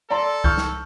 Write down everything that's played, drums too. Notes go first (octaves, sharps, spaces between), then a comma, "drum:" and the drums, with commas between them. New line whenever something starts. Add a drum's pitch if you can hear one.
A4 D5 A#5 C6
C#6 F6 G6, drum: kick C2
drum: snare